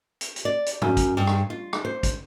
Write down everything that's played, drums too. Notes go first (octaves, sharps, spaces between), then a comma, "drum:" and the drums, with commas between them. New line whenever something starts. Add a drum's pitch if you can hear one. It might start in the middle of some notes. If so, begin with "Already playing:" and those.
drum: hi-hat
drum: hi-hat
D5
drum: hi-hat
F#2, drum: tom
drum: kick, hi-hat
G2
drum: rim click
F4
drum: rim click
C5
drum: kick, hi-hat